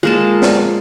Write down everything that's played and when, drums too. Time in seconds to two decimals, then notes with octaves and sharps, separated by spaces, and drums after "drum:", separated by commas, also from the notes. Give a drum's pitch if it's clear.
0.03 G#3 A#3 F4 A5
0.42 drum: snare